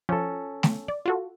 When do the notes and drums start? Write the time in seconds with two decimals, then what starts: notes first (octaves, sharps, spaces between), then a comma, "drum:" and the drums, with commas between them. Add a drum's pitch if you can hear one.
0.09 F3 C#4 A4
0.63 drum: snare A3
0.88 D5
1.06 F4 F#4 A4